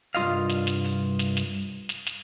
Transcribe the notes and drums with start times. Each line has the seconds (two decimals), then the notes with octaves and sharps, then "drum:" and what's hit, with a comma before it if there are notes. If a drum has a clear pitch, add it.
0.15 C2 G2 F4 D#5 F5, drum: hi-hat
0.49 drum: snare
0.67 drum: snare
0.84 drum: hi-hat
1.19 drum: snare
1.37 drum: snare
1.89 drum: snare
2.07 drum: snare